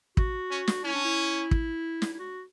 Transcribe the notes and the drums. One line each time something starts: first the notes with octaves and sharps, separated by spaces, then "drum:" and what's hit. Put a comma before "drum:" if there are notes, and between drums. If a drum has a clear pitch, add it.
F#4, drum: kick
C#4
drum: snare
C#4 E4
D4
E4
drum: kick
drum: snare
E4
F#4